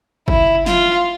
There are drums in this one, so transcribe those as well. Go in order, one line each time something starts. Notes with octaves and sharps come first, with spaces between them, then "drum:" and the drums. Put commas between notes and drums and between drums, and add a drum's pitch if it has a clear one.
E4, drum: kick
F4, drum: snare